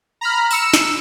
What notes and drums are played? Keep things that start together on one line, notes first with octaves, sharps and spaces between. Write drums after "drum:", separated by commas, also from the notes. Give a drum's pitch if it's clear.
A#5 B5 F6
E6 C#7 E7, drum: tambourine
drum: snare